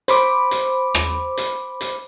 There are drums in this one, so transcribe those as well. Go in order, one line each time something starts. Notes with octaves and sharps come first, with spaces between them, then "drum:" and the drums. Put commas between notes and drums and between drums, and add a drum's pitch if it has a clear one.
C5 B5 D6, drum: hi-hat
drum: hi-hat
drum: rim click
drum: hi-hat
drum: hi-hat